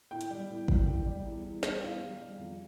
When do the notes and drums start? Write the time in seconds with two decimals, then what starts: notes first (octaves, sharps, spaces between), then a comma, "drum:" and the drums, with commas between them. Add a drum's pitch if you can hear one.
0.11 A2 G5
0.21 drum: hi-hat
0.30 G3
0.49 A2
0.68 A2, drum: kick
0.88 A2
1.06 G3
1.25 E2
1.44 E2
1.63 G3, drum: snare
1.82 E2 F5
2.01 G3
2.21 G3
2.39 F2